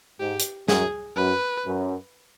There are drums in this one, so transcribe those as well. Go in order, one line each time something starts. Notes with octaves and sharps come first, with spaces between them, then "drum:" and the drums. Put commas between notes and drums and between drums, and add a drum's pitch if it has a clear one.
G#2 G4
drum: hi-hat
F#2 G#4, drum: snare
F#2 B4
F#2